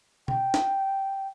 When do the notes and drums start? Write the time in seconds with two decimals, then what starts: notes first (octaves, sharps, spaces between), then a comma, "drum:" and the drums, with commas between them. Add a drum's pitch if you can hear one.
0.28 G5, drum: tom B2
0.54 drum: snare